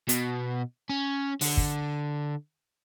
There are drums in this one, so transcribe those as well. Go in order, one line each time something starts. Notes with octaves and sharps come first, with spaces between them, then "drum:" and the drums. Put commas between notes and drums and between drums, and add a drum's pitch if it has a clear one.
B2, drum: hi-hat
C#4
D3, drum: open hi-hat
drum: kick